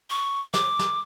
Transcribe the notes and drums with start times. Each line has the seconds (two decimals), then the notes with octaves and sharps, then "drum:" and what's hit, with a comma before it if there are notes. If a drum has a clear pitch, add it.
0.10 C#6
0.54 D6, drum: snare
0.79 drum: snare